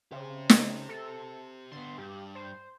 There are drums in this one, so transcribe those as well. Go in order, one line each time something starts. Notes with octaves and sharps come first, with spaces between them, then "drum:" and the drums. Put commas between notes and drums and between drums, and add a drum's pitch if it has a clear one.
C#3 G4 C5
drum: snare
A4
D3 B3 C6
G2 G4
C5